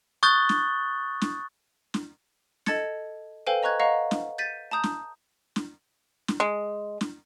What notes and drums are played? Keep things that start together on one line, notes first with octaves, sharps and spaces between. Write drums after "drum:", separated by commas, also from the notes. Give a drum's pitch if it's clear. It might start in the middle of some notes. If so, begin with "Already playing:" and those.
C#6 D#6 F#6 G6 A6 G7
drum: snare
drum: snare
drum: snare
A4 D#5 A5 G#6 A6 C#7, drum: snare
A4 B4 C5 F5 G5 G#5
D#5 A#5 C#6 F#6 G#6
D#5 F5 F#5 A#5 C#6
drum: snare
G6 A6 B6 D#7
A5 A#5 D#6 G6
drum: snare
drum: snare
drum: snare
G#3
drum: snare